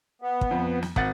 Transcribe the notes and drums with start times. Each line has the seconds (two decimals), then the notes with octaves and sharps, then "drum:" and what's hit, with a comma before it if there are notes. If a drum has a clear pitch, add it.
0.22 B3
0.41 drum: kick
0.51 F2
0.82 drum: snare
0.96 G#1 F#5 A6, drum: kick